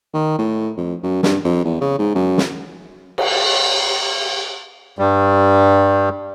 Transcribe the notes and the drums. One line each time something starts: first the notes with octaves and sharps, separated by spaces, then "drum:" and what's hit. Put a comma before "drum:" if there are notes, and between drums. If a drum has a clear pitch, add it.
D#3
A2
F2
F#2
G2, drum: snare
F2
E2
C#3
G#2
F#2
drum: snare
drum: cymbal
G2 G3